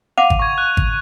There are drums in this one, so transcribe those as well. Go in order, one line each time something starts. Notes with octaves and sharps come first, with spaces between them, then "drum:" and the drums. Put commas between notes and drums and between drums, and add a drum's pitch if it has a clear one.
F5 F#5 D6 D#7 F7
drum: kick G#1
C#6 G#6
F#6
drum: kick G#1